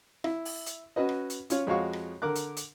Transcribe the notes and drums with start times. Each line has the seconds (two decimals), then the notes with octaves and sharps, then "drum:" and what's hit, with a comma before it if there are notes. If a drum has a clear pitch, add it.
0.24 E4, drum: rim click
0.45 drum: open hi-hat
0.66 drum: hi-hat
0.96 C#4 F#4 B4 D#5
1.09 drum: rim click
1.30 drum: hi-hat
1.50 C#4 F4 C#5, drum: hi-hat
1.67 F2 G#3 F#4 C#5 F5 C#6
1.93 drum: rim click
2.22 D3 A#4 D6 F#6
2.36 drum: hi-hat
2.57 drum: hi-hat